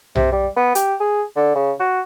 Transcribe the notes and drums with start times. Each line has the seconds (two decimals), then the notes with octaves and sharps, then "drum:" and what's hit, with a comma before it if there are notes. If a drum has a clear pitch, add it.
0.15 C3, drum: tom B1
0.32 G3
0.56 B3
0.75 G4, drum: hi-hat
1.00 G#4
1.36 D3
1.55 C#3
1.80 F#4